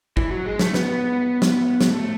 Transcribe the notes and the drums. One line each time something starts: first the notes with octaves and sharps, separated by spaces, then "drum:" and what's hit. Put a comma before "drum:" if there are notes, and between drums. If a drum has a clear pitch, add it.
E3, drum: kick G#1
F#3
G#3
A3, drum: snare
B3, drum: snare
drum: snare
drum: snare
A3